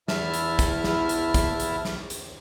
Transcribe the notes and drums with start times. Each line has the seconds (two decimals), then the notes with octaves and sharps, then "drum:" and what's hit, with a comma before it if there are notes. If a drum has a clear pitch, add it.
0.08 E2 E4 E5 A5 F6, drum: snare
0.34 drum: hi-hat
0.59 drum: kick, hi-hat
0.84 drum: snare
1.09 drum: hi-hat
1.34 drum: kick, hi-hat
1.60 drum: hi-hat
1.85 drum: snare
2.10 drum: hi-hat